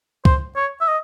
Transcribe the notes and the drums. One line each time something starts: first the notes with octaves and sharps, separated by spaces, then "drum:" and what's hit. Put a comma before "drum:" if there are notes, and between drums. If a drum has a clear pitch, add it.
C5, drum: kick C#2
C#5
E5
D#5